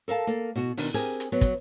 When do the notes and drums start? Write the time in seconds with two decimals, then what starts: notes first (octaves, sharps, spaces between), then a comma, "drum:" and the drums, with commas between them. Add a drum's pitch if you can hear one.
0.08 A4 A#4 F5 A5
0.27 A#3 A4
0.55 B2 F#4
0.77 B2 D#3 D4, drum: open hi-hat
0.94 C4 G4 G#4 A#4
1.20 drum: hi-hat
1.32 F#3 B3
1.41 drum: kick, hi-hat